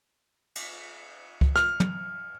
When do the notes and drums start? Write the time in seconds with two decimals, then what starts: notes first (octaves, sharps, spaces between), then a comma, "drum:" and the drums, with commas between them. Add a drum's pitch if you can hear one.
0.55 drum: cymbal
1.41 drum: kick C#2
1.56 F6, drum: rim click
1.80 drum: tom